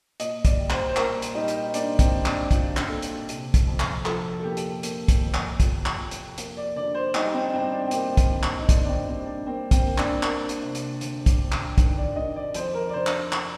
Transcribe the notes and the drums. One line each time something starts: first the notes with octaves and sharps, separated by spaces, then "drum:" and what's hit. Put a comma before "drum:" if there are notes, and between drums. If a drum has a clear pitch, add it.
A#2 D#5, drum: hi-hat
D5, drum: kick, hi-hat
G3
C5, drum: clap
C5
A#2 A#4, drum: clap
drum: hi-hat
G3 D#4
drum: hi-hat
A#3 D4, drum: hi-hat
C4, drum: kick, hi-hat
G3
D4, drum: clap
G3 F4, drum: kick, hi-hat
drum: clap
A#2 A4
drum: hi-hat
C3, drum: hi-hat
drum: kick, hi-hat
F2
drum: clap
F3 A4, drum: clap
A4
A#3 G4
drum: hi-hat
A#3, drum: hi-hat
drum: kick, hi-hat
F2
drum: clap
F3, drum: kick, hi-hat
drum: clap
F2
drum: hi-hat
A#3, drum: hi-hat
D5
D3 D5
C5
G3 D#4, drum: clap
C4
G2 C4
D4
C4
A#3 D4, drum: hi-hat
drum: kick, hi-hat
G2
drum: clap
D#4
A#3 D4, drum: kick, hi-hat
D4
C4
G3 C4
D4
A#3 C4
C4, drum: kick, hi-hat
A#3
D4, drum: clap
A#3, drum: clap
drum: hi-hat
C3
drum: hi-hat
D2, drum: hi-hat
drum: kick, hi-hat
D2
drum: clap
D#3, drum: kick, hi-hat
D5
D#3 D#5
D5
F2 C5, drum: hi-hat
A#4
D5
D3 C5
drum: clap
drum: clap